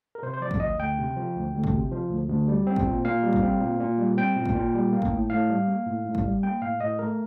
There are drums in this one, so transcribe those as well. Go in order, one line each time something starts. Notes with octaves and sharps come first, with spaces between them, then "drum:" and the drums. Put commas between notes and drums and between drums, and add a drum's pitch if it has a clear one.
A#4
C3 C5
C5
F3 D5
drum: kick
D2 D#5
D2 G5
C3
F3
D2
D2
drum: kick
C3
F3
D2
D2
G3
C4
drum: kick
A#2
A#2 F5
G3
drum: kick
C4
A#2
A#2
G3
C4 G5
A#2
drum: kick
A#2
G3
A#3
drum: kick
A2
A2 F5
G3
A#3
A2
A2
drum: kick
G3
A#3 G5
A2 F5
A2 D#5
A3 A#4